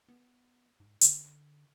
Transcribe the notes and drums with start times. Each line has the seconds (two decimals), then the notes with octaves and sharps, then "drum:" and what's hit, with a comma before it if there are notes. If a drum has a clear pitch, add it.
0.09 B3
0.80 G#2
1.01 D3, drum: hi-hat